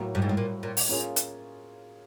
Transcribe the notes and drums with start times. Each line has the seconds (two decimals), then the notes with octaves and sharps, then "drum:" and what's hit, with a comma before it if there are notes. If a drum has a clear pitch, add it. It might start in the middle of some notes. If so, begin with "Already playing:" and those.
Already playing: A2 F#3 A#3
0.15 G2
0.22 G#2
0.29 A2
0.37 A#2
0.63 A#2
0.77 drum: open hi-hat
0.89 A#3 C#4 F4 G#4
1.16 drum: hi-hat